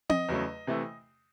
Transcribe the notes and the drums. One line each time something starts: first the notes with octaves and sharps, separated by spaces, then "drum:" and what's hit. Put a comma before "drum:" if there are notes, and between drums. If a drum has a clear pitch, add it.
D#5, drum: tom C4
E2 C#3 F#3 A3
C3 E3 A3